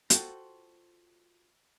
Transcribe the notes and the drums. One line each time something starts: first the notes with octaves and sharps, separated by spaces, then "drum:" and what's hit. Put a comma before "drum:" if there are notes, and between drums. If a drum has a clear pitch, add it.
F4 F#4 A4 C5 G5, drum: hi-hat